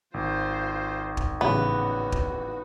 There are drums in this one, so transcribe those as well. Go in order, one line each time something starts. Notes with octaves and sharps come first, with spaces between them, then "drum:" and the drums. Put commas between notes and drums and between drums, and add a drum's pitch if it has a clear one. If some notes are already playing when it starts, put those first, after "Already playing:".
G#1 F4 C5
drum: kick
A1 C#3 B3 D#4 F#4 F#5
drum: kick